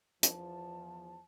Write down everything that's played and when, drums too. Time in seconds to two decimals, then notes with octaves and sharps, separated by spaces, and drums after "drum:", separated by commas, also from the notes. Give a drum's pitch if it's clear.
0.23 E2 F3 A5, drum: hi-hat